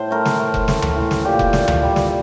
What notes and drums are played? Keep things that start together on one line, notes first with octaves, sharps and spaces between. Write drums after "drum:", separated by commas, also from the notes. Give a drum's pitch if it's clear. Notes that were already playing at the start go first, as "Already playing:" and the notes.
Already playing: A2 C5
A3 A#4
drum: snare
A3
drum: kick F1
A3, drum: snare
drum: tom D2
E3
drum: snare
A#2 G4
drum: kick F1
A#2, drum: snare
drum: tom D2
G3
drum: snare